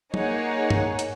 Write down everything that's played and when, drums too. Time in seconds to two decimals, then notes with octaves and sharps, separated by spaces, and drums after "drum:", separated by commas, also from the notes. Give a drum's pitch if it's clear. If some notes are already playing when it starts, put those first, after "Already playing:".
0.14 A#3 D#4 G#4 C#5 F#5, drum: tom
0.70 drum: tom G2
0.99 drum: hi-hat